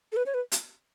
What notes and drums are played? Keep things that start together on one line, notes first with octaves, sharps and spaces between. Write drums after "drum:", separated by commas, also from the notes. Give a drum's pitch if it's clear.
A4
B4
C#5
B4
drum: hi-hat